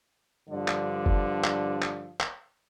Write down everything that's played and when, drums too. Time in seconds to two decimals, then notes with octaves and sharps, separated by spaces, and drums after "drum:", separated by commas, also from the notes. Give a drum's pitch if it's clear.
0.49 G2 D3 F3 D5
0.68 drum: clap
1.06 drum: kick
1.44 drum: clap
1.82 drum: clap
2.20 drum: clap